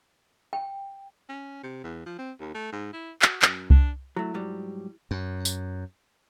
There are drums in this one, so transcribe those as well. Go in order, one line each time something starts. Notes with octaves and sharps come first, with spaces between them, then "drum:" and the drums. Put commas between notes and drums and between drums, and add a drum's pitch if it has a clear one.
G5
C#4
C3
E2
F3
C4
D#2
A3
G#2
E4
F#4, drum: clap
F#2, drum: clap
D4, drum: kick C2
F#3 A3 E4
G#2 F#3 G3
F#2
drum: tambourine